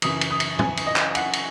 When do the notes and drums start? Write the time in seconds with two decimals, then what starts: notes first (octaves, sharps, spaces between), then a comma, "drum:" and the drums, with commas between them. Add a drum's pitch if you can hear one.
0.02 F#2 C#3 E3 D#6, drum: cymbal
0.21 drum: cymbal
0.31 D#6
0.40 drum: cymbal
0.59 G#5, drum: tom
0.77 drum: cymbal
0.87 D#5
0.96 drum: clap
1.15 F#5, drum: cymbal
1.33 drum: cymbal